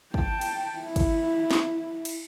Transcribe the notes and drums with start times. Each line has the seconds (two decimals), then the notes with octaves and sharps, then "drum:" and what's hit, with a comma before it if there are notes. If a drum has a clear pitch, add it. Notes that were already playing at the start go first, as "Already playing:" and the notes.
0.14 G5 A5, drum: kick
0.41 drum: cymbal
0.78 E4
0.96 drum: kick, cymbal
1.51 drum: snare
2.05 drum: cymbal